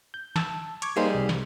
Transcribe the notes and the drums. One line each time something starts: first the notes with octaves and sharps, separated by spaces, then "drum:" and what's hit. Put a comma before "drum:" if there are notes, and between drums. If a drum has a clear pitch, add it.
G6
A5 E6, drum: snare
C#6 D6 G#6, drum: hi-hat
G3 A#3 D#4 G#4 C5
C2
drum: snare